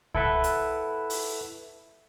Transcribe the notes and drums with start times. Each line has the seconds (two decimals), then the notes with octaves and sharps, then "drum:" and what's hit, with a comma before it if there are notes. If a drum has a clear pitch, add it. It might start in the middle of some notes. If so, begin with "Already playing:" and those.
0.14 E4 A4 B4 E5 F#5, drum: kick C2
0.44 drum: hi-hat
1.10 drum: open hi-hat